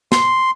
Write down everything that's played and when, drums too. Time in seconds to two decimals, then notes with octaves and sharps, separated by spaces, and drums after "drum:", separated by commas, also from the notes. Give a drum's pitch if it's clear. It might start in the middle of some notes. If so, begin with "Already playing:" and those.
0.12 C6, drum: snare